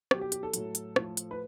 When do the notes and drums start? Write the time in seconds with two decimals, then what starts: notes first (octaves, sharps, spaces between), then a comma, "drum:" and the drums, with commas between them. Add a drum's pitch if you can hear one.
0.11 B2 F#3 G4, drum: rim click
0.21 G4
0.32 G4, drum: hi-hat
0.43 A4
0.54 A2 F#3, drum: hi-hat
0.75 drum: hi-hat
0.96 A2 F3, drum: rim click
1.17 drum: hi-hat
1.31 B4